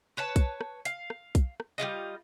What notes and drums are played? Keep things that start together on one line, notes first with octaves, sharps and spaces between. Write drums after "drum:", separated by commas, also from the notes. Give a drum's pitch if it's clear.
B4 C#5 A5
drum: kick B1, hi-hat
drum: rim click
F5, drum: hi-hat
drum: rim click
drum: kick B1, hi-hat
drum: rim click
G3 E4 F4 D#5